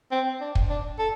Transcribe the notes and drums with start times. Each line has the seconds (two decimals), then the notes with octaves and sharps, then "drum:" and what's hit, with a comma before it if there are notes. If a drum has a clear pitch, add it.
0.12 C4
0.41 D4
0.55 drum: kick
0.70 D4
0.99 A4